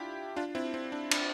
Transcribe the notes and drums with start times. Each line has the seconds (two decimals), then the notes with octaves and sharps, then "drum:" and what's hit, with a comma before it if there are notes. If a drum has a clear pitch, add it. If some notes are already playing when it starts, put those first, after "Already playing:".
Already playing: D4 E4 F4 G4
0.36 D4 F4
0.55 C4 E4
0.74 C4
0.92 D4
1.11 D4, drum: cymbal